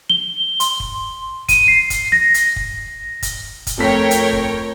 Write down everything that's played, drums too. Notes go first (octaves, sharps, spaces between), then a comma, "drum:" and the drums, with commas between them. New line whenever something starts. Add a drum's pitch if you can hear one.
G7
C6, drum: hi-hat
drum: kick
D#7, drum: kick, hi-hat
C7
drum: kick, hi-hat
A#6
drum: hi-hat
drum: kick
drum: kick, hi-hat
drum: kick, hi-hat
F2 A3 A#4 C#5 G5 B6
drum: hi-hat
drum: kick